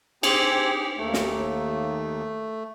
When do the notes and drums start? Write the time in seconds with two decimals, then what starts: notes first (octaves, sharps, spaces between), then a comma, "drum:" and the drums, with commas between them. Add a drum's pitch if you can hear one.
0.23 C4 G4 G#4 G#5, drum: cymbal
0.98 D#2 A3
1.14 drum: snare